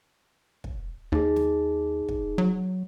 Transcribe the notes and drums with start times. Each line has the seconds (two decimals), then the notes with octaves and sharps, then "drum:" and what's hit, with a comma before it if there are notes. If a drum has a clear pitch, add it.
0.64 drum: kick
1.12 D#2 D#4 G#4
1.36 drum: snare
2.09 drum: kick
2.38 F#3